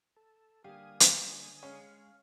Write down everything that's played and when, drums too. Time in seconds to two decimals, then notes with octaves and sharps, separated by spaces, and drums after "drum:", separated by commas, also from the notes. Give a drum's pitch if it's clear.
0.16 A4
0.64 D3 G3 A#3 G4 F5 G#5 D#6
1.00 drum: hi-hat
1.63 G#3 C#4 G#4 C#5 F5